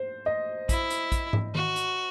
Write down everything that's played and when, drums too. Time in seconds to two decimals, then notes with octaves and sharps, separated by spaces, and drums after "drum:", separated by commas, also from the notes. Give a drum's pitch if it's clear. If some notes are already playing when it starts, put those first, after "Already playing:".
Already playing: C5
0.26 D#5
0.69 E4, drum: kick, hi-hat
0.90 drum: hi-hat
1.12 drum: kick, hi-hat
1.33 drum: tom
1.55 F#4, drum: tom D#3
1.76 drum: hi-hat